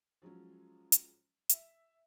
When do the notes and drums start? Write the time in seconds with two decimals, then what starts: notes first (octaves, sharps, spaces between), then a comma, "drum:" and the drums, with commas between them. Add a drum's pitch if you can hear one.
0.22 F3 F#3 G#3 C#4
0.92 drum: hi-hat
1.49 E5, drum: hi-hat